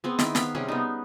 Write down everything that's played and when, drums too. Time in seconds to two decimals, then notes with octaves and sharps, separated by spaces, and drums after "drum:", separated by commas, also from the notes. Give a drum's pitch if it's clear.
0.04 B3 C4 G#4
0.19 D#3 E4, drum: snare
0.35 B3 F5 B5, drum: snare
0.55 C3 G3 C#4 G#4
0.69 B3 D#4